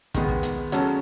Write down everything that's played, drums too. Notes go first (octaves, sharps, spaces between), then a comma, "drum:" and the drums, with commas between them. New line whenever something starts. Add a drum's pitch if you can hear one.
D#3 G#3 B3, drum: kick, hi-hat
drum: kick
drum: hi-hat
C#3 F#3 C#4 F#4 A4, drum: hi-hat